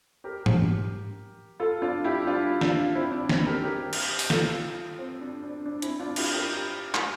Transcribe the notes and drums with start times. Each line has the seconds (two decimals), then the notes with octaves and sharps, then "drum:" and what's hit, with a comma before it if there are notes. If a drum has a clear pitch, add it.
0.24 G4 A#4
0.46 drum: tom G#2
1.60 F4 A4
1.82 D4 F4
2.04 E4 G4
2.27 D4 F4
2.61 D4 F4, drum: snare
2.95 C4 E4
3.12 D4
3.29 C4, drum: snare
3.46 G4 A#4
3.63 G4 A#4
3.93 drum: cymbal
4.19 drum: open hi-hat
4.30 F4 A4, drum: snare
4.98 C4
5.21 D4
5.43 D4
5.66 D4
5.82 C4 E4, drum: hi-hat
5.99 D4 F4
6.16 E4 G4, drum: cymbal
6.33 G4 A#4
6.94 drum: clap